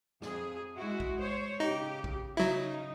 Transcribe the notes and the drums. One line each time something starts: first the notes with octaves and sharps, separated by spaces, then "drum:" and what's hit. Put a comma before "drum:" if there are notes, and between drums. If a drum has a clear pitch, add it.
F2 G#4, drum: snare
G#3 E4 F#4
drum: kick A#1
C5 C#5
C#3 D#4 G4
drum: kick A#1
C#3 F#3 D#4 E4